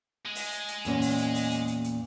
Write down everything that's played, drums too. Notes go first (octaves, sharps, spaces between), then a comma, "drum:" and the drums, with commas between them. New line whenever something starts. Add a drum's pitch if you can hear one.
G#3
drum: open hi-hat
drum: hi-hat
drum: hi-hat
E2 A#2 C#4, drum: hi-hat
drum: open hi-hat
drum: hi-hat
drum: open hi-hat
drum: hi-hat
drum: hi-hat
drum: hi-hat